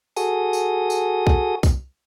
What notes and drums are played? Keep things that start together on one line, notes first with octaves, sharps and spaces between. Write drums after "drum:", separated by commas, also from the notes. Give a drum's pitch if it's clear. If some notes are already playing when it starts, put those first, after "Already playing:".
F#4 G#4 A4 D#6, drum: tambourine
drum: tambourine
drum: tambourine
drum: kick B1
drum: kick B1, tambourine